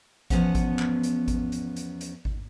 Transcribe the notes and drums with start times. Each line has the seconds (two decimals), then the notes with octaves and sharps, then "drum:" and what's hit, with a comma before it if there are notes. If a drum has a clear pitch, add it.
0.30 E2 G2 F3 B3 C#4 F#5, drum: kick G#1, hi-hat
0.55 drum: kick G#1, hi-hat
0.79 drum: clap
1.03 drum: hi-hat
1.28 drum: kick G#1, hi-hat
1.52 drum: hi-hat
1.76 drum: hi-hat
2.01 drum: hi-hat
2.25 drum: kick G#1